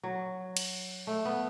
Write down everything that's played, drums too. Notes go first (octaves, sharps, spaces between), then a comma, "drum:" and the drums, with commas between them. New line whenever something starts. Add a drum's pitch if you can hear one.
F#3
drum: cymbal
A3
B3